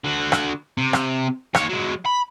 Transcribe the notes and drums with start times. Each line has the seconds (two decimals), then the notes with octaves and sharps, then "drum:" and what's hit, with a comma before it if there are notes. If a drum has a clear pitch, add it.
0.04 D3 F#4
0.32 drum: rim click
0.77 C3
0.93 drum: rim click
1.55 D#2 C#5, drum: rim click
1.69 F#3 G#3
2.05 B5